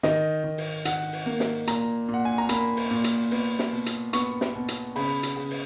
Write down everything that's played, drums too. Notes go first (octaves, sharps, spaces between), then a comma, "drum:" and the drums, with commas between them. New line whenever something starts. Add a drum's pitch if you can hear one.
D#3 D#5, drum: snare
D#3
drum: open hi-hat
D#3 F#5, drum: hi-hat
drum: open hi-hat
A#3
drum: snare
A#2 A#5, drum: hi-hat
A#2
F#5
G#5
A#5
A#3 B5, drum: hi-hat
drum: open hi-hat
A#2
drum: hi-hat
B3, drum: open hi-hat
drum: snare
B2
drum: hi-hat
B3 C#6, drum: hi-hat
drum: snare
B2
drum: hi-hat
C#3 B5, drum: open hi-hat
drum: hi-hat
C#3
drum: open hi-hat